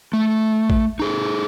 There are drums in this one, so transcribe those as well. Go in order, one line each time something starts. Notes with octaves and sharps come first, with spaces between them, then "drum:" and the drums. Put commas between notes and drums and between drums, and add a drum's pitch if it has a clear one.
A3
drum: kick A1
D#4 G#4 A4